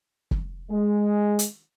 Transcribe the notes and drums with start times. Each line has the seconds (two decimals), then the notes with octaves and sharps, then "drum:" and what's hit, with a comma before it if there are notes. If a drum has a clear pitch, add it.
0.31 drum: kick
0.70 G#3
1.39 drum: hi-hat